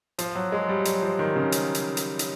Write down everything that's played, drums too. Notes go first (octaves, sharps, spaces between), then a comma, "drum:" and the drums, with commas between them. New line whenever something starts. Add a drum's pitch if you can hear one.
F3, drum: hi-hat
F#3
G#3
G3
F#3, drum: hi-hat
F3
D#3
C#3
drum: hi-hat
drum: hi-hat
drum: hi-hat
drum: hi-hat